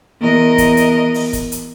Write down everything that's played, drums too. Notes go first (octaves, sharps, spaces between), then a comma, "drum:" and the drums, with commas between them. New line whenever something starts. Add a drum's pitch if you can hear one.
E2 A#4 D#5
drum: kick, hi-hat
drum: hi-hat
drum: open hi-hat
drum: kick, hi-hat
drum: hi-hat